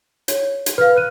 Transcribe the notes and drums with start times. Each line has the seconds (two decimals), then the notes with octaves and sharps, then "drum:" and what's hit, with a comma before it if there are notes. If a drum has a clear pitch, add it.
0.28 C#5, drum: hi-hat
0.66 drum: hi-hat
0.78 B4 F5 F6
0.95 F6 F#6 D#7